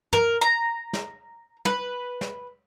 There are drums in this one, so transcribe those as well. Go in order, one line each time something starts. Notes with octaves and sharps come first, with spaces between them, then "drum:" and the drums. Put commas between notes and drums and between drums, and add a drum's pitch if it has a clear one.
A#4, drum: tom
A#5
drum: snare
B4, drum: tom
drum: snare